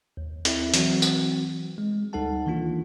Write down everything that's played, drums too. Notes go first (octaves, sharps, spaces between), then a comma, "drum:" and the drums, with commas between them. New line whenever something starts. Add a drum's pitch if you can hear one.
D#2
C4 E4 E5, drum: hi-hat
E3 F#3 C4 F#4, drum: hi-hat
drum: tambourine
G#3
D2 G3 D#4 A4 F#5 A5
D#3 E3 A#3 D4 F4